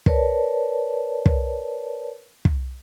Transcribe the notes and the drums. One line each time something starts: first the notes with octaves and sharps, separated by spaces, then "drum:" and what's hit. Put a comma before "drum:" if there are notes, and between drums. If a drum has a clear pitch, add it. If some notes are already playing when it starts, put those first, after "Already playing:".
A#4 B4 C#5 D5 A5, drum: kick
drum: kick
drum: kick